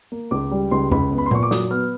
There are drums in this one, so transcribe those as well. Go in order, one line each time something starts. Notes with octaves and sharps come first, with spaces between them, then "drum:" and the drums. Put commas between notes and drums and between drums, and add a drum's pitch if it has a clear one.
A#3
C#2 D6
G3
C#2 C6
C#2 B5, drum: tom E2
B3
B5
C6
A#2 C#6, drum: tom A#2
D6
F#3 D#6, drum: snare
B3 F6